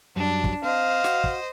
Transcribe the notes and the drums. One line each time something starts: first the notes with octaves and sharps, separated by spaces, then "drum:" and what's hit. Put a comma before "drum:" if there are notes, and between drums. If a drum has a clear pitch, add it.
F#2 F#3 G3 D4
drum: kick
C4 C5 D#5 F5
F#4, drum: snare
drum: kick